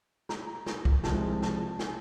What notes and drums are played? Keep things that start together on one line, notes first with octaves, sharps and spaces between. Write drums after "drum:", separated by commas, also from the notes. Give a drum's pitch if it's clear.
A#5, drum: snare
drum: snare
drum: kick
C2 C3 F3 G#3 A5, drum: snare
A5, drum: snare
G#5, drum: snare